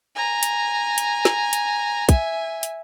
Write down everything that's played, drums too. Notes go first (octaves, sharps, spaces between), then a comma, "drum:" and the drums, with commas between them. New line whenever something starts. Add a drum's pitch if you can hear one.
G#5 A#5
drum: hi-hat
drum: hi-hat
drum: snare
drum: hi-hat
E5 G#5, drum: kick, hi-hat
drum: hi-hat